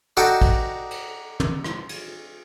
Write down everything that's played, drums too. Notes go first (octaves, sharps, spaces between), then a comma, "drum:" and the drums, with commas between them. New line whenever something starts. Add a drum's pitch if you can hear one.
D4 D#4 F#4 A4 F#5 G5
drum: kick, cymbal
drum: cymbal
drum: tom
drum: rim click
drum: cymbal